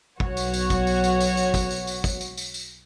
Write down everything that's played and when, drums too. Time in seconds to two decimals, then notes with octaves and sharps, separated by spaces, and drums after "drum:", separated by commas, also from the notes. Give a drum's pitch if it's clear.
0.20 B1 F#4 C#5, drum: kick
0.37 drum: tambourine
0.54 drum: tambourine
0.70 drum: kick, tambourine
0.87 drum: tambourine
1.04 drum: tambourine
1.20 drum: tambourine
1.37 drum: tambourine
1.54 drum: kick, tambourine
1.71 drum: tambourine
1.87 drum: tambourine
2.04 drum: kick, tambourine
2.21 drum: tambourine
2.37 drum: tambourine
2.54 drum: tambourine